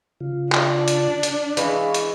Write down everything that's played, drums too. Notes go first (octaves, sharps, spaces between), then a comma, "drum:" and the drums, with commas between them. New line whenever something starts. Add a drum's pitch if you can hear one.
C#3 F4
D4, drum: clap
drum: hi-hat
drum: hi-hat
E3 G#3 F5 C#6, drum: hi-hat
drum: hi-hat